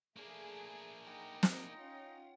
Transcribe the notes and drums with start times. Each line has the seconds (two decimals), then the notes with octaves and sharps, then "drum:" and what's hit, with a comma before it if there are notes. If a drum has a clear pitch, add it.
0.16 A3 A#3 D4 G#4
1.07 D#4 F#5 G5
1.43 drum: snare
1.75 C#4 F4